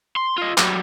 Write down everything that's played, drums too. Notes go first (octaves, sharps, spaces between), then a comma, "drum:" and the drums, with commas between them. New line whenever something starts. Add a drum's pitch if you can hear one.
C6
F4 D#5
F#3 G3, drum: clap